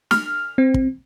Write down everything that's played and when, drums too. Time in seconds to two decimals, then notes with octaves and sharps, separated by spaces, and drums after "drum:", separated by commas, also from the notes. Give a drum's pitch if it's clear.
0.11 F6, drum: snare
0.58 C4
0.74 drum: kick